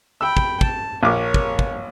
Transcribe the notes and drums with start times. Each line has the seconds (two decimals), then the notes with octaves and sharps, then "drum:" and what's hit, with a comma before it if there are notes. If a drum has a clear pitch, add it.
0.21 G5 B5 E6
0.37 drum: kick
0.61 A5, drum: kick
1.03 A#1 A#4 C#5 D6
1.34 drum: kick
1.59 drum: kick